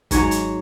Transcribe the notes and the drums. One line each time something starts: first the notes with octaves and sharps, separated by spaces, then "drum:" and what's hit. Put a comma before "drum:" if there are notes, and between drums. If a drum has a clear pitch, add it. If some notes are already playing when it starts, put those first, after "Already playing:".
G#2 F#3 C#5, drum: kick, hi-hat
drum: hi-hat